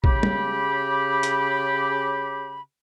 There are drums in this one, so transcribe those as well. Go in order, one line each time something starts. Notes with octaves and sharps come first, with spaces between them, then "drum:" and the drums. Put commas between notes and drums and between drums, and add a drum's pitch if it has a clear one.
C#3 G4 B5, drum: kick
drum: tom
drum: hi-hat